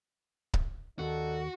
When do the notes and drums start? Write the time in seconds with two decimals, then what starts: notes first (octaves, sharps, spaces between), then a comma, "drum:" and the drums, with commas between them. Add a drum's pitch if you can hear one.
0.54 drum: kick C#1
0.99 D#2 D4 D#4 F#4 A4